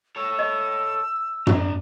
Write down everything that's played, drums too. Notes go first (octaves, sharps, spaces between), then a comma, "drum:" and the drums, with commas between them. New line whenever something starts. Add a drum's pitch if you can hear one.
A4 C#5 E6
D#5
D4 A#5, drum: tom